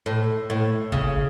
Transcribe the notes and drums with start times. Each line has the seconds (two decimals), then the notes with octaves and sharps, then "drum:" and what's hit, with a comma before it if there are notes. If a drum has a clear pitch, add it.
0.06 A2
0.50 A2
0.92 C#3, drum: kick G1